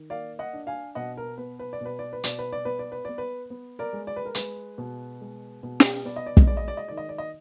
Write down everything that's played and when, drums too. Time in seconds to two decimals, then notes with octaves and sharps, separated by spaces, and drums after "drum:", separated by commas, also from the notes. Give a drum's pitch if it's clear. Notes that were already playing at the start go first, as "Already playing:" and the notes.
Already playing: D#3
0.10 A#3 D5 F5
0.39 D#5 F#5
0.53 D4
0.67 F5 G#5
0.95 B2 D#5 F#5
1.17 A#4
1.38 B3 B4
1.59 B4
1.73 D5
1.81 B2 B4
1.99 D5
2.13 B4
2.24 B2 D5, drum: hi-hat
2.39 B4
2.53 D5
2.65 B3 B4
2.79 D5
2.92 B4
3.05 B3 D5
3.18 B4
3.50 B3
3.79 A#4 D5
3.93 G#3
4.07 D5
4.16 B4
4.25 A#4
4.35 G#3 B4, drum: hi-hat
4.78 B2
5.21 G#3
5.63 B2
5.80 drum: snare
6.05 B3 D5
6.16 D#5
6.26 D5
6.37 D#5, drum: kick
6.47 G#3 D5
6.57 D#5
6.68 D5
6.77 D#5
6.88 D#3 D5
6.97 D#5
7.09 D5
7.18 D#5